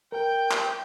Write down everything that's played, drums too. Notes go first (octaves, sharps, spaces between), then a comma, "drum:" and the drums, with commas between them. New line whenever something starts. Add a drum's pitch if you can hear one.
A#4 G5
drum: clap